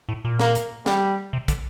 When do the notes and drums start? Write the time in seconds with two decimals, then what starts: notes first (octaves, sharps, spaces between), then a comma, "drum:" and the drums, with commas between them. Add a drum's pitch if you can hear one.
0.09 A2
0.25 A#2
0.40 A#3, drum: snare
0.55 drum: hi-hat
0.86 G3, drum: snare
1.33 C3
1.48 D3, drum: kick, hi-hat